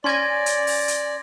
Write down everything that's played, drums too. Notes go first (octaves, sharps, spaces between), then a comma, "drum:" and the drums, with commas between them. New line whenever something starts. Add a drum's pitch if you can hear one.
C#4 D5 G#5 C6 G#6 A#6
drum: hi-hat
drum: open hi-hat
drum: hi-hat